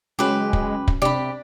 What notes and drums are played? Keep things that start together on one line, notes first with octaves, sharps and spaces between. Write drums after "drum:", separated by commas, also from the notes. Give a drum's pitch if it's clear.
C#3 F#3 G#3 C#4 G4 B4
drum: kick
drum: kick
C3 D4 G4 B5